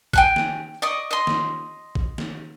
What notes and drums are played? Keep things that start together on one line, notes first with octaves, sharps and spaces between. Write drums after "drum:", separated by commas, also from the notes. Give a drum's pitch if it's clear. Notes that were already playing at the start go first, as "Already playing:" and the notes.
G5 G#5 F#6, drum: kick A1
drum: snare
D5 D#5 C#6 D#6
D#5 C6
drum: snare
drum: kick A1
drum: snare